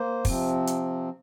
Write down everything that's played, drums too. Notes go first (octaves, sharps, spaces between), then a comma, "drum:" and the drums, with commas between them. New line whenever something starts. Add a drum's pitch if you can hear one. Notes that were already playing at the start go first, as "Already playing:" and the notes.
Already playing: A#3 C5
C3 F3 C4, drum: kick, open hi-hat
drum: hi-hat